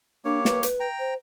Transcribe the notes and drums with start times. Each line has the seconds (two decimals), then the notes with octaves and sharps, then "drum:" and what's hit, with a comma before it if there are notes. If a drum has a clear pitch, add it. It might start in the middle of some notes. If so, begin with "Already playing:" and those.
0.25 A#3 D4 G4 C#5
0.45 B4, drum: snare
0.63 B4, drum: hi-hat
0.80 G5 A#5
0.99 C5